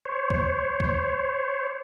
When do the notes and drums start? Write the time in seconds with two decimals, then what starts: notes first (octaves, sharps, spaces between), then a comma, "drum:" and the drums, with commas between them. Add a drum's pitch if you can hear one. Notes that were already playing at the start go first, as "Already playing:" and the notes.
0.05 C5 C#5
0.30 drum: kick
0.80 drum: kick